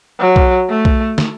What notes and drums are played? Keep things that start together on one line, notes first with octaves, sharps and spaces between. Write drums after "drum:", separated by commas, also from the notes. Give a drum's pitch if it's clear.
F#3
drum: kick B1
A3
drum: kick B1
drum: snare